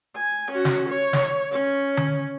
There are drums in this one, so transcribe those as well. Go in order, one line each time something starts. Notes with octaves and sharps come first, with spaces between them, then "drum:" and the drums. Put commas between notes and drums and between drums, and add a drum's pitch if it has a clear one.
G#5
C#4 F#4
drum: snare
C#5
drum: snare
C#4
drum: tom D3